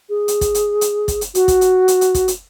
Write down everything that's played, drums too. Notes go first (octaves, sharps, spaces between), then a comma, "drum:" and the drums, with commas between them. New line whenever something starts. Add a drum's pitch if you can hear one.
G#4
drum: hi-hat
drum: kick, hi-hat
drum: hi-hat
drum: hi-hat
drum: kick, hi-hat
drum: hi-hat
F#4, drum: hi-hat
drum: kick, hi-hat
drum: hi-hat
drum: hi-hat
drum: hi-hat
drum: kick, hi-hat
drum: hi-hat